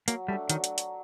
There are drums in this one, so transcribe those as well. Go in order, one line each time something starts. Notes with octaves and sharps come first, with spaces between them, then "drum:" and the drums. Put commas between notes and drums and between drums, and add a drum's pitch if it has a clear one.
F#3 A#3, drum: hi-hat
G3 A3 D4
D#3 F#3, drum: hi-hat
drum: hi-hat
drum: hi-hat